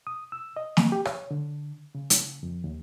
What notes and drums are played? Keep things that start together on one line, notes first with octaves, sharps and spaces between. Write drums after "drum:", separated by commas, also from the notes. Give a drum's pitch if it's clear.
D#6
E6
D#5
drum: snare
G4
C#5, drum: rim click
D3
C#3
drum: hi-hat
F2
D#2